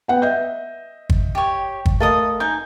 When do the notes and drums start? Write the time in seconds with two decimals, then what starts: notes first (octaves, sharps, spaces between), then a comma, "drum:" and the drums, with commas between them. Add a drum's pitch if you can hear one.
0.08 B3 F#5 G5
0.22 D#5 E5 G6
1.10 drum: kick
1.35 G4 C#5
1.86 drum: kick
2.00 A3 A4 A#4 D#5 F5 D#6
2.40 D#4 G#5 G6